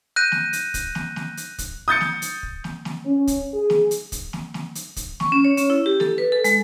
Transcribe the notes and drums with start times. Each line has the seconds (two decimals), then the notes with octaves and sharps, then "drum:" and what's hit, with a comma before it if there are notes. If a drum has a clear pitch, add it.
0.16 F#6 G6 A#6 D#7
0.32 drum: snare
0.53 drum: hi-hat
0.74 drum: kick, hi-hat
0.95 drum: snare
1.16 drum: snare
1.37 drum: hi-hat
1.58 drum: kick, hi-hat
1.88 D#6 G6 A6 C#7
2.01 drum: snare
2.22 drum: hi-hat
2.43 drum: kick
2.64 drum: snare
2.85 drum: snare
3.05 C#4
3.27 drum: kick, hi-hat
3.53 G#4
3.70 drum: snare
3.91 drum: hi-hat
4.12 drum: kick, hi-hat
4.33 drum: snare
4.54 drum: snare
4.75 drum: hi-hat
4.96 drum: kick, hi-hat
5.20 C#6, drum: snare
5.32 C#4
5.44 C#5
5.57 C#4, drum: hi-hat
5.70 E4
5.86 G4
6.00 A4, drum: snare
6.18 B4
6.32 A4
6.44 G#3, drum: hi-hat